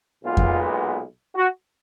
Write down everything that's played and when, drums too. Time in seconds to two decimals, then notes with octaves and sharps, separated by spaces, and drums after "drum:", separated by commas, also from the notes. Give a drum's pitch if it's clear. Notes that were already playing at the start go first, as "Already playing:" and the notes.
0.24 B1 A#2 G#3 B3 F4
0.37 drum: kick F2
1.36 F#4